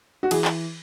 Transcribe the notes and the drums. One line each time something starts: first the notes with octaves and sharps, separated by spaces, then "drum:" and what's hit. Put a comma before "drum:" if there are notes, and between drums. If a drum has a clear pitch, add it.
F#4
E3 G#4, drum: cymbal
drum: clap